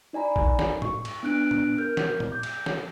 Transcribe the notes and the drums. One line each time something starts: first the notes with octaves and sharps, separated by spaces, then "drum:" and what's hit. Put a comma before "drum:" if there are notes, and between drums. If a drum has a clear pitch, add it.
D#4 D5 G#5 A#5 B5
drum: kick
drum: snare
C#6, drum: tom
drum: cymbal
B3 D4 F#6 D7
drum: tom A#2
A#4 F6 G6
drum: snare
drum: tom A#2
D6 G6
drum: cymbal
drum: snare